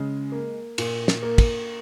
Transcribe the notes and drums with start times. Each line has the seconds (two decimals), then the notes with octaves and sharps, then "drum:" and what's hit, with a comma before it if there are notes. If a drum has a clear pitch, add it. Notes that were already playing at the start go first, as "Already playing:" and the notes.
Already playing: C#3 G#3
0.32 A#3
0.78 A#2, drum: cymbal
1.08 drum: snare
1.23 A#3
1.38 drum: kick, cymbal